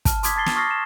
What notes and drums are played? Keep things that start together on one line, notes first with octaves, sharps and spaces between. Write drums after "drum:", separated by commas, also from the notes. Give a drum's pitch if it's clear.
A5 F6, drum: kick, hi-hat
C6 D6 D#6 G#6 B6, drum: hi-hat
A5 G#6 A6 C7 G7
drum: snare
C#6 D#6 F6 A6 A#6 C7
E7